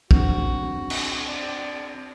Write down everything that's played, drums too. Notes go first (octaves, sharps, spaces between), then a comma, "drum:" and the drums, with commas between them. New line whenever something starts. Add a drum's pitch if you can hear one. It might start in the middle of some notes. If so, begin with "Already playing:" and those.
C4 D4 F#4, drum: kick
drum: cymbal
D5